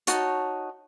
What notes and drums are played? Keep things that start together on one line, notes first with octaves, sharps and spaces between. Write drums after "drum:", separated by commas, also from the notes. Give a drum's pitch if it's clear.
D#4 F#4 C#5 A5, drum: hi-hat